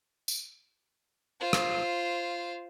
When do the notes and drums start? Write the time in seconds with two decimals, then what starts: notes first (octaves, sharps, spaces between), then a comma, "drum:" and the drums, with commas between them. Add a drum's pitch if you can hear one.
0.28 drum: tambourine
1.40 F4 C5
1.53 drum: rim click